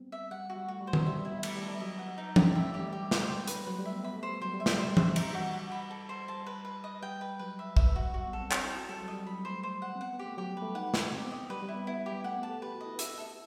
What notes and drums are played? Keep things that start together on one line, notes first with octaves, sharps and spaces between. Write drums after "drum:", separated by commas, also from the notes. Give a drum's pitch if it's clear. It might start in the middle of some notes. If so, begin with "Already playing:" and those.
Already playing: G3 B3 C4
E5
G3 F#5
F#4
G3
A3 F#4
G3
C5
F#3, drum: tom D#3
G3 E5
G3
E4
B3
A3 E4, drum: cymbal
G3
A4
G3
F#3 D#5
F#5
D#4
G4, drum: tom
G3 E5
A3
G4
G3
G4
C5, drum: snare
G5
B4, drum: hi-hat
F#3 B4
A3
G3
E5
B3
B3 B5
A3
C5
G3
F#3 C5
G3
E5
G3, drum: snare
G3 C5
E5, drum: tom
D#4, drum: cymbal
F#4
F#5
B5
A4
C5
G3 A5
B4
B4
D#5
G3 G5
B4
F#3 B4
E5
E5, drum: kick
F#4
G3 F#4
B3
A4
C4
C4 G5, drum: clap
E4
A4
F#4
G3 A4
F#3
D#5
G3
F#3 B5
G3
C5
A3
C5
F#5
C4
B3 F#5
B3
G4
A3
F#3 G4
G3
B4
A3
D#4 F#5
G4, drum: snare
C4 G4
B3
D#5
G3 B4
G3
E4
B3
B3 E4
G4
G3
A3 F#5
B3
A5
A4
G4 B4
F#4
D#5
E4
E5, drum: hi-hat
A4